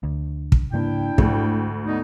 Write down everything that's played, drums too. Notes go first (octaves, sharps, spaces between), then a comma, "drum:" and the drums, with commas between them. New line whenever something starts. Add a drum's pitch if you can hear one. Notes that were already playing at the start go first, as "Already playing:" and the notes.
D2
drum: kick
G#2 C#3 A#3 D4 E4 G5
D2 G#2, drum: kick
D3 B3 D#4